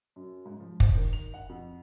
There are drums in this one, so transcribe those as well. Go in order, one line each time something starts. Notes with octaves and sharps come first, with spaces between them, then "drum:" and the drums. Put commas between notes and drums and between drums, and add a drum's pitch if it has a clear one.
F#2
G#2
F3
C5, drum: kick
D#3
F7
F#5
F2